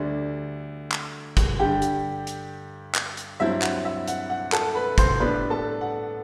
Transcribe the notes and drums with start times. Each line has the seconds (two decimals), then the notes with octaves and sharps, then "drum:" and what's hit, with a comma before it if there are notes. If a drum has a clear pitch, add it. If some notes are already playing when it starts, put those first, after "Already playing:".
Already playing: D2 D3 G3 D5
0.92 drum: clap
1.37 drum: kick, hi-hat
1.59 G2 D3 G3 G4 G5
1.82 drum: hi-hat
2.27 drum: hi-hat
2.95 drum: clap
3.17 drum: hi-hat
3.40 G2 F#3 C4 E4 E5
3.62 F#5, drum: clap
3.85 E5
4.08 F#5, drum: hi-hat
4.30 F#5
4.52 A4 A5, drum: clap
4.75 B4 B5
4.98 C5 C6, drum: kick, hi-hat
5.20 A2 G3 B3 D4 B4 B5
5.50 A4 A5
5.81 F#5